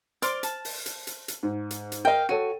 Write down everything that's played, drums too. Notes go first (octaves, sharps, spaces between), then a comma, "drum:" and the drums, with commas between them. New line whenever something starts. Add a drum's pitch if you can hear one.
C5 D5 C6 D6 F6, drum: hi-hat
A5, drum: hi-hat
drum: open hi-hat
drum: hi-hat
drum: hi-hat
drum: hi-hat
G#2
drum: hi-hat
drum: hi-hat
A#4 D#5 F5 G5
F#4 A4 C#5 D#7